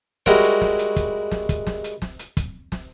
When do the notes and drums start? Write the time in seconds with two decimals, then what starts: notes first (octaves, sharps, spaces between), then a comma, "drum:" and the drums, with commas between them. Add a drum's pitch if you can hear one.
0.26 G3 G#3 E4 F#4 A#4 C#5, drum: snare
0.44 drum: hi-hat
0.61 drum: snare
0.79 drum: hi-hat
0.96 drum: kick, hi-hat
1.32 drum: snare
1.49 drum: kick, hi-hat
1.67 drum: snare
1.84 drum: hi-hat
2.02 drum: snare
2.19 drum: hi-hat
2.37 drum: kick, hi-hat
2.72 drum: snare